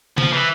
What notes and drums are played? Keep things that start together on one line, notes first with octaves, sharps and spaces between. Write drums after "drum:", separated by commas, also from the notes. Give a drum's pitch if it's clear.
F3, drum: tom
E3